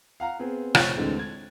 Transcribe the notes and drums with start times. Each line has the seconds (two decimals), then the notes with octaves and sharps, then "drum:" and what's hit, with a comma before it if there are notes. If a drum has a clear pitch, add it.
0.20 F5 F#5 A#5
0.39 B3 C4 G#4
0.75 F1 A#2 C#5 F#6 A6 F7, drum: rim click
0.96 D2 D3 E3 G#3 C4
1.19 G#6